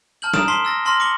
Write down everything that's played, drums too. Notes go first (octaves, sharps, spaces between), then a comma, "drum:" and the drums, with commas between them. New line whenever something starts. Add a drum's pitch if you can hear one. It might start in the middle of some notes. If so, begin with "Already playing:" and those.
A5 F6 G6 F#7
A#5 D#6 D7 E7, drum: snare
A5 C6 B6 C7 E7 G7
E6 A6 A#6
A5 C6 F6 A#6 F#7
D6 A#6 C#7 F#7 G7